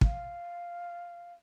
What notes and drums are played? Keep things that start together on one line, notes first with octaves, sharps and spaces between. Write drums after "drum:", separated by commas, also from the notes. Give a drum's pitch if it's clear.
F5, drum: kick